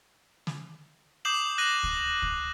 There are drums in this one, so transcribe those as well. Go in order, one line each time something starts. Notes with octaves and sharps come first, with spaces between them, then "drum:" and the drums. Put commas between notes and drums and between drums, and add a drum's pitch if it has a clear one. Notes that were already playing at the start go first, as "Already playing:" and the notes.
drum: snare
D6 D#6 G6 C7 E7 F#7
F#6 A#6 D#7 F#7
drum: kick
drum: kick